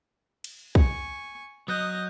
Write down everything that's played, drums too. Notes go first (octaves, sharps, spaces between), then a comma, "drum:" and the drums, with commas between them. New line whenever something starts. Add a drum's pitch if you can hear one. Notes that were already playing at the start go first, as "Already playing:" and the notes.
drum: cymbal
G#5 C#6, drum: kick
F#3 D#5 D#6 F#6 G6